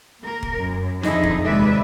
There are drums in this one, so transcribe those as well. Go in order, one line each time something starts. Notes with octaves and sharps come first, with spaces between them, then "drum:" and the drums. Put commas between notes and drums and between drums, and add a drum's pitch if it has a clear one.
A#3 A#4
drum: kick E1
F#2
F2 D3 D#4 E4 G#4, drum: snare
drum: kick E1
D#2 C3 G#3 B4 D5 E5